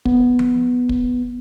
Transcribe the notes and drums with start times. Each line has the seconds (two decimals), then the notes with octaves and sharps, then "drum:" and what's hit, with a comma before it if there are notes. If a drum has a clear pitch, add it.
0.05 B3, drum: kick
0.39 drum: tom F3
0.89 drum: kick